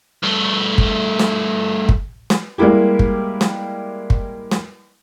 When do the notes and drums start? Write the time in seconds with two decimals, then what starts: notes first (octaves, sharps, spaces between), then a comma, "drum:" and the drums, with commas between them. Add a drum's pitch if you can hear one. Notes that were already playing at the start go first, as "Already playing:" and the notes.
0.23 G2 A3
0.78 drum: kick G1
1.19 drum: snare
1.89 drum: kick G1
2.30 drum: snare
2.58 G3 G#3 A#3 E4 G4
2.99 drum: kick G1
3.41 drum: snare
4.10 drum: kick G1
4.51 drum: snare